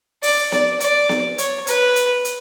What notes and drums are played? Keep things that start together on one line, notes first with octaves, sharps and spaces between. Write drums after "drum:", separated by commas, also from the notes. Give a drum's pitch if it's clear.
D5, drum: open hi-hat
D5, drum: snare B3
D5, drum: hi-hat
drum: snare B3
C#5, drum: hi-hat
B4, drum: hi-hat
drum: hi-hat
drum: hi-hat